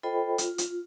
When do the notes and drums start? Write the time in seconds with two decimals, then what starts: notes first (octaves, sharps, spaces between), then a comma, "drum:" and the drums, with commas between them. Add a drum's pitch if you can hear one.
0.03 F4 A4 C5 D#5 G5 B5
0.38 F4, drum: hi-hat
0.58 drum: hi-hat